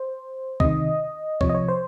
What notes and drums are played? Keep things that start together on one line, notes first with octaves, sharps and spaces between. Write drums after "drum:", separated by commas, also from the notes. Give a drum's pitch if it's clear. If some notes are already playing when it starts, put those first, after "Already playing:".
Already playing: C5
C3 D#3 D#5, drum: kick C2
C3 F3 C#5, drum: kick C2
D#5
C#5
C5